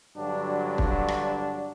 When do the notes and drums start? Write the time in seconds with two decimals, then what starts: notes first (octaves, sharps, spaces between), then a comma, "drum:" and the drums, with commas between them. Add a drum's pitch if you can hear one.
0.18 G2 D3 F#3 D4
0.78 drum: kick
1.08 drum: rim click